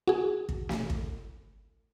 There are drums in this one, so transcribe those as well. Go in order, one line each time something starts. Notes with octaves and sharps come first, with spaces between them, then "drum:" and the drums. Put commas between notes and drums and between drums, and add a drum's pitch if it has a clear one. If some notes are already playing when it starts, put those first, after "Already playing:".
F#4 G#4
drum: kick
drum: snare
drum: kick